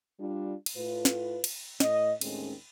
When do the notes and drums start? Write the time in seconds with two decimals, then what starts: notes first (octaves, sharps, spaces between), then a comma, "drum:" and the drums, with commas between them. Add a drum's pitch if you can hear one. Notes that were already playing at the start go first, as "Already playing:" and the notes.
0.20 G3 D4 F4
0.66 drum: cymbal
0.76 A2 F4 B4
1.05 drum: snare
1.44 drum: cymbal
1.80 A2 D#5, drum: snare
2.21 D#2 A2 G#3 C4 C#4, drum: cymbal